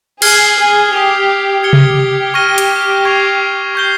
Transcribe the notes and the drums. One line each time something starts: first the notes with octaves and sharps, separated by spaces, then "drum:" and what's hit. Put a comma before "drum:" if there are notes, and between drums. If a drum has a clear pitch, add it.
G#4 F6 G#6 C7 G7, drum: cymbal
G#4
G4 D#6 G#6 C7 F7
G4 G#6 C#7 G7
drum: tom C3
C#6 F6 A#6 D#7 G7
drum: hi-hat
C#6 G#6 C7 F7
C#6 G6 C7 G7